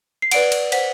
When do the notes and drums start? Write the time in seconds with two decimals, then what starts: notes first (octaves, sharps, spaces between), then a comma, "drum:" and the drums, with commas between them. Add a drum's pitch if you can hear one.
0.22 C7
0.31 B4 D5 F#5 D7, drum: cymbal
0.52 drum: cymbal
0.72 C5 F#5 B6, drum: cymbal